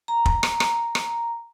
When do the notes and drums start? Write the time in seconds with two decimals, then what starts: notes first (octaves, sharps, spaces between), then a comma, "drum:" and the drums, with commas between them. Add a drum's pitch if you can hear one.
0.08 A#5
0.26 drum: kick
0.43 drum: rim click
0.60 drum: rim click
0.95 drum: rim click